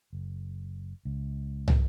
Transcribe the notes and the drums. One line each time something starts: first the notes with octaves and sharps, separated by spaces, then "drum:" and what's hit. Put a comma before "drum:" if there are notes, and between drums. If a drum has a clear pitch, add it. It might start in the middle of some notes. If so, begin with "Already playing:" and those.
F#1
C#2
drum: tom